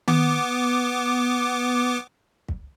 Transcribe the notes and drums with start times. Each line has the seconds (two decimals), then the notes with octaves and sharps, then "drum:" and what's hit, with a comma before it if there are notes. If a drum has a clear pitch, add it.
0.08 B3 D6, drum: tom D#3
2.48 drum: kick